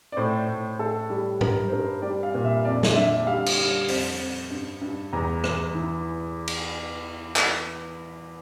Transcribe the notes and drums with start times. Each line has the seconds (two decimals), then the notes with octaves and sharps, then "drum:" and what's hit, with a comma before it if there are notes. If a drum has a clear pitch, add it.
0.12 D5
0.17 A2 C5
0.48 A2
0.79 A2 A4
1.10 G3
1.41 G2 A#4, drum: tom G#2
1.68 C5
1.72 G2 A#4
2.02 G3 D5
2.23 F5
2.34 A#2
2.45 E5
2.65 F2 D5
2.83 drum: snare
2.96 D3 E5
3.27 G3 F5
3.46 drum: cymbal
3.58 G3
3.88 F2 C5, drum: open hi-hat
4.19 F2
4.50 G2
4.81 G2
5.13 E2 A#5
5.44 E2, drum: rim click
5.75 E3
6.48 drum: cymbal
7.36 drum: clap